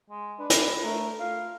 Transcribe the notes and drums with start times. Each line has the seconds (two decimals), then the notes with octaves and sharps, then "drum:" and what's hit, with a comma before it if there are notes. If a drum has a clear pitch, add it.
0.10 G#3
0.40 D4 B4
0.50 drum: hi-hat
0.83 A3 A#4
1.20 F4 F5